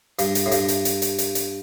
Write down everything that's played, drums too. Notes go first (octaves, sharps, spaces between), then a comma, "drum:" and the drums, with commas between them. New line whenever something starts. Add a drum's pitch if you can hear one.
G2, drum: hi-hat
drum: hi-hat
A2
G2, drum: hi-hat
drum: hi-hat
drum: hi-hat
drum: hi-hat
drum: hi-hat
drum: hi-hat